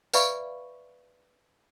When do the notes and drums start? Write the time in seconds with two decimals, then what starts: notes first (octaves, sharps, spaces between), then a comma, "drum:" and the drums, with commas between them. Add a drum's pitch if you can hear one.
0.14 B4 D5 E5 F5 B5 C#6, drum: tambourine